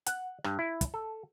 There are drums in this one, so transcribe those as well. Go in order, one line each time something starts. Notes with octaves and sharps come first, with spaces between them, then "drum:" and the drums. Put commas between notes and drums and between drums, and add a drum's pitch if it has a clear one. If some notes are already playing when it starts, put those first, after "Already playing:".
F#5, drum: hi-hat
G2, drum: rim click
E4
drum: kick, hi-hat
A4